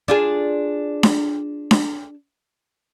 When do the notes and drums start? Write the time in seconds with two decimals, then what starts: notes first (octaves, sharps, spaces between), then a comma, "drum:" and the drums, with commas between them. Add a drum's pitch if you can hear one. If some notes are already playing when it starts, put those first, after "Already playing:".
0.08 D4 F4 G#4
1.03 drum: snare D4
1.71 drum: snare D4